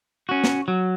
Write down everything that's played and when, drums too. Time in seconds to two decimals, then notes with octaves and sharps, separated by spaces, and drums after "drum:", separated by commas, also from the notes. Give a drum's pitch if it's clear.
0.29 C#4 F#4
0.44 drum: snare
0.68 F#3